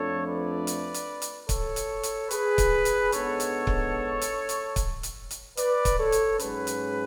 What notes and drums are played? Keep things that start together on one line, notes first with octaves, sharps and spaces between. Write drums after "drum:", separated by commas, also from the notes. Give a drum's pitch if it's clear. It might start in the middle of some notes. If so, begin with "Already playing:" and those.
Already playing: F2 F3 A3 D4 A4 C#5
B4 D5
drum: hi-hat
drum: hi-hat
drum: hi-hat
A4 C#5, drum: kick C#1, hi-hat
drum: hi-hat
drum: hi-hat
G#4 B4, drum: hi-hat
drum: kick C#1, hi-hat
drum: hi-hat
G#2 G#3 B3 D4 A4 C#5, drum: hi-hat
drum: hi-hat
drum: kick C#1
drum: hi-hat
drum: hi-hat
drum: kick C#1, hi-hat
drum: hi-hat
drum: hi-hat
B4 D5, drum: hi-hat
drum: kick C#1, hi-hat
A4 C#5
drum: hi-hat
G#2 F#3 C#4 G#4 B4, drum: hi-hat
drum: hi-hat